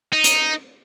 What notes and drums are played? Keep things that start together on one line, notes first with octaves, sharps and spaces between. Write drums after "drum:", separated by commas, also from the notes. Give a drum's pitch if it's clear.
D#4
drum: hi-hat